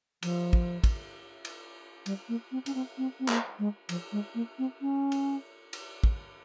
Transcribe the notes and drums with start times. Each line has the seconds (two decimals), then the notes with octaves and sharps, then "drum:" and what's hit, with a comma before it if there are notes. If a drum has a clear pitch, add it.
0.23 F3, drum: cymbal
0.53 drum: kick
0.84 drum: kick, cymbal
1.45 drum: cymbal
2.06 G3, drum: cymbal
2.29 A#3
2.52 C4
2.66 C#4, drum: cymbal
2.75 C4
2.98 C4
3.20 C4
3.28 A#3, drum: clap
3.59 G#3
3.89 F3, drum: cymbal
4.12 G#3
4.35 A#3
4.59 C4
4.81 C#4
5.12 drum: cymbal
5.73 drum: cymbal
6.04 drum: kick